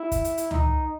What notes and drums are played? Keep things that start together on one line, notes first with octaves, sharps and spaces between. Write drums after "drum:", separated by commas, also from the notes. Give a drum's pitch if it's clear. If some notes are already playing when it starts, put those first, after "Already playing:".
Already playing: E4
drum: kick, hi-hat
drum: hi-hat
drum: hi-hat
D#4, drum: tom C#2